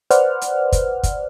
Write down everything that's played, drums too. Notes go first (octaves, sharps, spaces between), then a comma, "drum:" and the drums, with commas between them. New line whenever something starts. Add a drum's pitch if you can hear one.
B4 C5 D5 F#5 F6, drum: hi-hat
drum: hi-hat
drum: kick, hi-hat
drum: kick, hi-hat